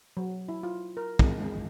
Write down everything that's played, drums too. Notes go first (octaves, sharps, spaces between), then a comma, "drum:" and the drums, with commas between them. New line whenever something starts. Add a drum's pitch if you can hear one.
F#3
E4
F4
A#4
G#3, drum: kick
G#3